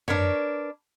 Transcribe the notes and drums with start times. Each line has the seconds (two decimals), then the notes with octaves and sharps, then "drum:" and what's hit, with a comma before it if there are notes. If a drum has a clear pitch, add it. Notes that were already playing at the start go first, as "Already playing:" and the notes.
0.08 D4 A#4 B4 C#5, drum: tom F#2